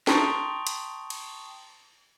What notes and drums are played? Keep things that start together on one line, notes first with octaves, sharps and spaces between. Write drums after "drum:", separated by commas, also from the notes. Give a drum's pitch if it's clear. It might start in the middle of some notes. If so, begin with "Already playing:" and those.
G5 A5 A#5 C6 C#6 D#6, drum: snare
drum: hi-hat
drum: cymbal